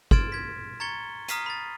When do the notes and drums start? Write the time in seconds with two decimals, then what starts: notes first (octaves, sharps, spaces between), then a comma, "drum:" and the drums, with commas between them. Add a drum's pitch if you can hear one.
0.11 C6 F6 G#6 A6 D7 E7, drum: kick
0.32 G#6 B6
0.80 A#5 C#6 G#6 A6 C#7 G7
1.28 A#5 D#6 F6 B6 C7 D#7, drum: hi-hat
1.46 B5 A6